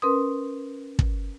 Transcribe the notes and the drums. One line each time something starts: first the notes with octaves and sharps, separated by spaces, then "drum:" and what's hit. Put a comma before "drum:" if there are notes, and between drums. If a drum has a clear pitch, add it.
C#4 A#4 B4 C6 D#6
drum: kick